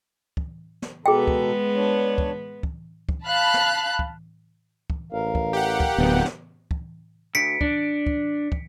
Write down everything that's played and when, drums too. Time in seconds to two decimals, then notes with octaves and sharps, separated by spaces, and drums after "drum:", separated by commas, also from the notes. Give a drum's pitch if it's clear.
0.37 drum: kick
0.82 drum: snare
1.06 B2 G#3 B3 G#4 A4 G5 A#5
1.28 drum: kick
1.76 D4 C#5
2.18 drum: kick
2.63 drum: kick
3.09 drum: kick
3.26 F5 A5 B5 F#6
3.54 drum: snare
3.99 drum: kick
4.90 drum: kick
5.12 A1 A#4 F5
5.35 drum: kick
5.53 G4 F#5
5.80 drum: kick
5.98 D1 B3
6.25 drum: snare
6.71 drum: kick
7.35 D2 B6 C#7 D7
7.61 D4, drum: kick
8.06 drum: kick
8.52 drum: kick